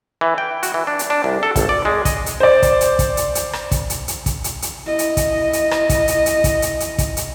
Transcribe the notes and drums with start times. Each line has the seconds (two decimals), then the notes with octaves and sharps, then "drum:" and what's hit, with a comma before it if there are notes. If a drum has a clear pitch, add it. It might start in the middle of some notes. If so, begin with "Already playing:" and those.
0.21 E3
0.38 G5
0.63 F#4, drum: hi-hat
0.74 E3
0.87 D4
0.99 drum: hi-hat
1.10 D4
1.24 C2
1.43 A4
1.56 G#1, drum: kick, hi-hat
1.69 D5
1.85 G#3
2.05 D#5, drum: kick, hi-hat
2.26 drum: hi-hat
2.40 C5 D5
2.63 drum: kick, hi-hat
2.81 drum: hi-hat
2.99 drum: kick, hi-hat
3.17 drum: hi-hat
3.35 drum: hi-hat
3.53 drum: rim click
3.72 drum: kick, hi-hat
3.90 drum: hi-hat
4.08 drum: hi-hat
4.26 drum: kick, hi-hat
4.44 drum: hi-hat
4.62 drum: hi-hat
4.86 E4 D#5
4.99 drum: hi-hat
5.17 drum: kick, hi-hat
5.53 drum: hi-hat
5.71 drum: rim click
5.89 drum: kick, hi-hat
6.08 drum: hi-hat
6.26 drum: hi-hat
6.44 drum: kick, hi-hat
6.62 drum: hi-hat
6.80 drum: hi-hat
6.98 drum: kick, hi-hat
7.17 drum: hi-hat